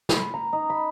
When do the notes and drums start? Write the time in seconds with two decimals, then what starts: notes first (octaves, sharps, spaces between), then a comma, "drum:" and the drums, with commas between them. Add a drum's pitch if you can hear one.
0.09 B5, drum: snare
0.34 A#5
0.53 D#4
0.70 B5